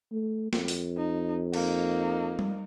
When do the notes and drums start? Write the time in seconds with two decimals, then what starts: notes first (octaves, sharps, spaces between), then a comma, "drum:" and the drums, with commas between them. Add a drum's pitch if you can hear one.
0.12 A3
0.53 F2, drum: snare
0.68 drum: open hi-hat
0.97 D#4
1.54 A#3 D#4, drum: cymbal
2.39 drum: tom G3